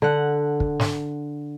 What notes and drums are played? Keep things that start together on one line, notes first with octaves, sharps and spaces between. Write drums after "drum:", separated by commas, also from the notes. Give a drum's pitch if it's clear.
D3 F#5
drum: kick
drum: snare